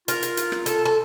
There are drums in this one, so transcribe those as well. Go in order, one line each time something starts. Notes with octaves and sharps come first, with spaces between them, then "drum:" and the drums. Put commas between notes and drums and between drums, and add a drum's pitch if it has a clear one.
F4 A#4, drum: hi-hat
drum: hi-hat
drum: hi-hat
drum: rim click
A4, drum: hi-hat
A4